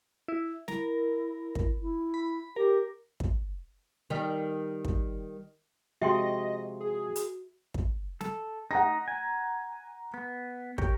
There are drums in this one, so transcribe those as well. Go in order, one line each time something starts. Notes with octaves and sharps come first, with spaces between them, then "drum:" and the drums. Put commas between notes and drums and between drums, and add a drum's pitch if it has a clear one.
E4
E4 A#4, drum: snare
drum: kick
E4
B5
G4 A#4
drum: kick
D#3 G3
drum: kick
C3 F3 G#3 F#4 D#5 E5 G5 C6
G#4
drum: hi-hat
drum: kick
A4, drum: snare
D#4 F#5 A#5 A#6
G#5
B3
G4 A#4 C#5, drum: kick